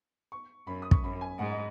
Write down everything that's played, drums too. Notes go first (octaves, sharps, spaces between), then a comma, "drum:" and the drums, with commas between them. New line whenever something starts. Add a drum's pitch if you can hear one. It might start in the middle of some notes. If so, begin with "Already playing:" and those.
C#6
F#2 B5
D#6
C#6, drum: kick
F#2 B5
G#5
G#2 F#5
D#5